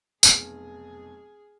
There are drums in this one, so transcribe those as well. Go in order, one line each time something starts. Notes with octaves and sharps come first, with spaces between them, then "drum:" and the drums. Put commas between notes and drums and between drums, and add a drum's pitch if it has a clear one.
F1 B1 G#4 F6, drum: tambourine